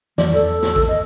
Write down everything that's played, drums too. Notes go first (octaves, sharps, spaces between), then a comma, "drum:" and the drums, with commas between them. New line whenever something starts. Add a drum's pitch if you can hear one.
F2 E3 F#3 D5, drum: snare
E2 A4
drum: snare
drum: kick A1
D#5